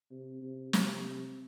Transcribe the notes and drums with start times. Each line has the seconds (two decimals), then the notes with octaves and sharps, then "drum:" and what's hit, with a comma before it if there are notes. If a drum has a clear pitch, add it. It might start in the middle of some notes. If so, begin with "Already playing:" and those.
0.10 C3
0.42 C3
0.73 C3, drum: snare